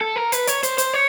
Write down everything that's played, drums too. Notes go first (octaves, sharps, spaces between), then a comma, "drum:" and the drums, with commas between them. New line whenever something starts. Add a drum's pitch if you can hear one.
A4
A#4
B4, drum: hi-hat
C#5, drum: hi-hat
C5, drum: hi-hat
C5, drum: hi-hat
C#5